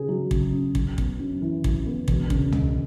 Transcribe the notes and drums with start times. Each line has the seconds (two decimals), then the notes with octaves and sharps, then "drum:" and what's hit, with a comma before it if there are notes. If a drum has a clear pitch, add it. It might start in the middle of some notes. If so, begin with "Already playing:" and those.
Already playing: C#3 C#4 G#4
0.09 F#3
0.31 C#3, drum: kick
0.53 C#4
0.75 F#2, drum: kick
0.98 B3, drum: kick
1.19 F#2
1.42 E3
1.64 F#2, drum: kick
1.86 B3
2.08 E1, drum: kick
2.30 C#3, drum: kick
2.52 G#3, drum: tom